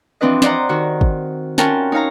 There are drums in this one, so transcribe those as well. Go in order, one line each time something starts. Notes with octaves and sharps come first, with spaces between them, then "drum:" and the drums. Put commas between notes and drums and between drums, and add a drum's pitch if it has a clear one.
E3 F3 C4 D4 B4 D#5
C5 D5 D#5 F#5 A#5, drum: snare
D#3 F#4
drum: kick
C#4 F4 A#4 F#5 G5 A5, drum: snare
D#4 C#5 F5 A#5